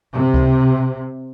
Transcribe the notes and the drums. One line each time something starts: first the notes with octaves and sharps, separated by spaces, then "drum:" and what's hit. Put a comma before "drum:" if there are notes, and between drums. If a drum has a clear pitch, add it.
C3
drum: kick C#2